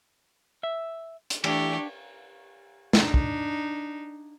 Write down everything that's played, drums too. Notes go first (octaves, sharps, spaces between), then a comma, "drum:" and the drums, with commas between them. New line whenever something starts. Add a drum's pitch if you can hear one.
E5
drum: hi-hat
E3 A3 D4 E4 G4 C#6, drum: cymbal
D4 D#4, drum: snare
drum: kick